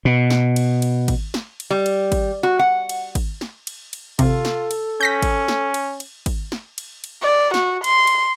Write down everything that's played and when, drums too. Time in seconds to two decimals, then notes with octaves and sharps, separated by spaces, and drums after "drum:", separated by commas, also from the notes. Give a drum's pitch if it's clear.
0.05 B2
0.30 drum: snare
0.56 drum: cymbal
0.82 drum: cymbal
1.08 drum: kick G#1, cymbal
1.34 drum: snare
1.60 drum: cymbal
1.70 G3
1.86 drum: cymbal
2.12 drum: kick G#1, cymbal
2.43 F#4
2.59 F#5
2.89 drum: cymbal
3.15 drum: kick G#1, cymbal
3.41 drum: snare
3.67 drum: cymbal
3.93 drum: cymbal
4.19 C3 F4 A4, drum: kick G#1, cymbal
4.45 drum: snare
4.71 drum: cymbal
5.01 C#4 G6 A#6 B6
5.22 drum: kick G#1, cymbal
5.48 drum: snare
5.74 drum: cymbal
6.00 drum: cymbal
6.26 drum: kick G#1, cymbal
6.52 drum: snare
6.78 drum: cymbal
7.04 drum: cymbal
7.23 D5
7.54 F#4, drum: snare
7.84 C6, drum: cymbal
8.07 drum: cymbal